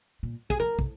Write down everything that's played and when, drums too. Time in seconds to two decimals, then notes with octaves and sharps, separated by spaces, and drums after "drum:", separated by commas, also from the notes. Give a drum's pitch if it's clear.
0.23 A#2
0.50 G#4, drum: kick
0.60 E3 A#4
0.79 C3, drum: kick